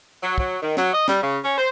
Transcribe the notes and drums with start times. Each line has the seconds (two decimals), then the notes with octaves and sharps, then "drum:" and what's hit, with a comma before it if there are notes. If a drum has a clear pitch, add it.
0.22 F#3
0.38 F#3, drum: kick
0.62 D#3
0.77 F#3, drum: snare
0.92 D#5
1.08 G3, drum: snare
1.22 C#3
1.43 C#4
1.58 C5